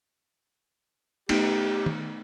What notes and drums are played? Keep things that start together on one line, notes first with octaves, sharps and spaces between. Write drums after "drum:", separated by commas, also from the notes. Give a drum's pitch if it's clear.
A3 B3 D#4 G4, drum: cymbal
drum: tom